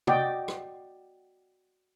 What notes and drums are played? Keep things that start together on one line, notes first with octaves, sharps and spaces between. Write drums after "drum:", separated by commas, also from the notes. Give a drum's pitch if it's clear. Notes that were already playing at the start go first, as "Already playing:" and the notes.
F#4 D5 D#5 G5, drum: tom C3
drum: rim click